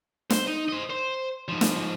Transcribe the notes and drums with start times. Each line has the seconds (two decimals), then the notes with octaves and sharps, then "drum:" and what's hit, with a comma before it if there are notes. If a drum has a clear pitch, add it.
0.30 C5, drum: snare
0.47 D#4
0.69 C5 D#5
0.90 C5
1.48 G#2 F3
1.61 drum: snare